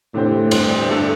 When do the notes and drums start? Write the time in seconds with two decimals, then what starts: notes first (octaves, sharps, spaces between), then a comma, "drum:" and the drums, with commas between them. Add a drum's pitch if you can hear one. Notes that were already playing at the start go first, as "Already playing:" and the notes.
0.14 E2 A2 D3 C4 G4 C5
0.51 E2 G2 D3 C4 G4 C5, drum: cymbal
0.88 D3 A3 D4 A4